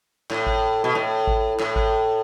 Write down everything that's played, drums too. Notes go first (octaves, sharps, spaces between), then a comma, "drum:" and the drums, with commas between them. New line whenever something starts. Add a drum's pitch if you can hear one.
A2, drum: clap
drum: kick
B2
A2
drum: kick
A2, drum: clap
drum: kick